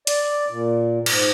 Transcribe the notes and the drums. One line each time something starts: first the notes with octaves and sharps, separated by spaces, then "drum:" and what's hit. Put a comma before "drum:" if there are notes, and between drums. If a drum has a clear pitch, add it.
D5, drum: hi-hat
A#2
G#2, drum: cymbal